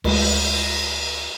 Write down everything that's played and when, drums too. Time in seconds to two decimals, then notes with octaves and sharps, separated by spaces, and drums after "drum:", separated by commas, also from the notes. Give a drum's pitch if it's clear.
0.04 D2 G#3, drum: cymbal